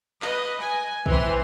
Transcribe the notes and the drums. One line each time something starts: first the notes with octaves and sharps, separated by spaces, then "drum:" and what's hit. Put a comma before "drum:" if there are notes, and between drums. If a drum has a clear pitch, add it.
B4 D#5, drum: clap
G#5
E3 C4 C6, drum: kick